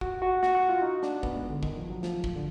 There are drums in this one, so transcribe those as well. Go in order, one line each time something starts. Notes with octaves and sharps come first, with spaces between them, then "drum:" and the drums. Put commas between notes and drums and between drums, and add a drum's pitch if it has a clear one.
F#4, drum: kick
F#4
F#4, drum: snare
F#4
F4
D#4
D4, drum: snare
B3, drum: kick
G#3
D3
D#3, drum: kick
F3
F#3
F3, drum: snare
drum: kick
D3